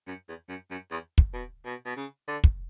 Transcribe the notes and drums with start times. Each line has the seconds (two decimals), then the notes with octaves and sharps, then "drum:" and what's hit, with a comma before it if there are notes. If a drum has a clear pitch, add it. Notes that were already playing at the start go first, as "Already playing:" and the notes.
0.07 F#2
0.28 E2
0.49 F#2
0.70 F#2
0.91 E2
1.18 drum: kick
1.33 B2
1.65 B2
1.85 B2
1.96 C#3
2.28 D3
2.44 drum: kick